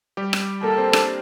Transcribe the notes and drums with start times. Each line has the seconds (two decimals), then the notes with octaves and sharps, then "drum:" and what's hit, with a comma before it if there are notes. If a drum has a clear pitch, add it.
0.17 G3 G4
0.33 drum: rim click
0.63 A#3 A4 A#4
0.78 C4 C5
0.93 D4 D5, drum: rim click